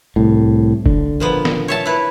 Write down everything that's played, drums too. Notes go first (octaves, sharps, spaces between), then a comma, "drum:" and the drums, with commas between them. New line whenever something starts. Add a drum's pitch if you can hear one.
C2 A2
D3, drum: kick
A#2 F3 B3
drum: snare
C#5 E5 A5
E4 B4